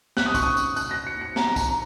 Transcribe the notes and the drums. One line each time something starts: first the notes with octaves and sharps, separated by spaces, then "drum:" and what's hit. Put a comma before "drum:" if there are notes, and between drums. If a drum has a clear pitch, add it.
F#6, drum: snare
D#6
C#6, drum: kick, tambourine
D#6
drum: tambourine
F#6, drum: tambourine
A#6
C#7
C#7
A#5, drum: snare
A#5, drum: kick, tambourine
A#5